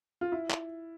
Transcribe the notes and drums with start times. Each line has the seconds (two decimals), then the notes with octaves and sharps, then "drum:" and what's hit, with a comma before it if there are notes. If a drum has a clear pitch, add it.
0.21 F4
0.32 E4
0.51 drum: clap